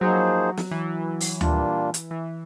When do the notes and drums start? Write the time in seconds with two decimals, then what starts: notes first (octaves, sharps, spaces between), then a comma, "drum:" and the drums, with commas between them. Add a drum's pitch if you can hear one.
0.01 F3 F#3 A#3 D#4 G#4 C5
0.57 drum: snare
0.71 E3
1.20 drum: open hi-hat
1.41 A#2 G3 A#3 D4 F4, drum: tom D2
1.94 drum: hi-hat
2.11 E3